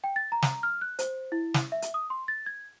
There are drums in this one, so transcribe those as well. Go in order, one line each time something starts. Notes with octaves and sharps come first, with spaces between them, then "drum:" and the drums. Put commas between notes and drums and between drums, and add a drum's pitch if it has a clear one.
G5
A6
A#5
drum: snare
F6
F#6
C5, drum: hi-hat
E4
drum: snare
E5
drum: hi-hat
D#6
C6
A6
G#6